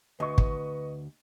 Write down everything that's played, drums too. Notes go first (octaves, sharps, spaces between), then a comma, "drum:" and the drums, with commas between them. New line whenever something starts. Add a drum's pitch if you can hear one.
D2 B4 D#5 C#6
drum: kick